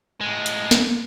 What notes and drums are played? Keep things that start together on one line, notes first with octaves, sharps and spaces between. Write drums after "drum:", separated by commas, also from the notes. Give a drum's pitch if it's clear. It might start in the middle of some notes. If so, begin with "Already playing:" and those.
A2 G#3
drum: hi-hat
drum: snare